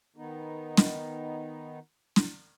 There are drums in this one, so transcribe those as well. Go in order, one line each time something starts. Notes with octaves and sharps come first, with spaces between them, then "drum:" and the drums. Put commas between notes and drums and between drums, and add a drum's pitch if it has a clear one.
D#3 B3 D#4
drum: snare
drum: snare